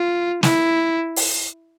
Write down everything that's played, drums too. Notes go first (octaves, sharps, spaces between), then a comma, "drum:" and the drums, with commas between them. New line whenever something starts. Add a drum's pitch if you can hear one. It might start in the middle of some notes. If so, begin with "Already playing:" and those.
Already playing: F4
E4, drum: snare
drum: open hi-hat